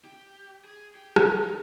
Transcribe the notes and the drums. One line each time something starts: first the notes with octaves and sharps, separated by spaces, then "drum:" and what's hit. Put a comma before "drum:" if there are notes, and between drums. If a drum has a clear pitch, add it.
G4
G#4
G4
drum: rim click
F4
D#4